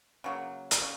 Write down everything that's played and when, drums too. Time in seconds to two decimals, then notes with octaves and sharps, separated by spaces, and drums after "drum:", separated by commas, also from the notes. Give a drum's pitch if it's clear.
0.24 C#3 F#3 A#3
0.71 drum: hi-hat
0.82 C#3